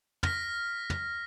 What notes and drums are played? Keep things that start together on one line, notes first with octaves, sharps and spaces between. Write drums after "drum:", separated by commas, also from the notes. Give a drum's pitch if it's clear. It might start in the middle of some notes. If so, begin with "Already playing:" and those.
F6 A#6 B6, drum: tom
drum: tom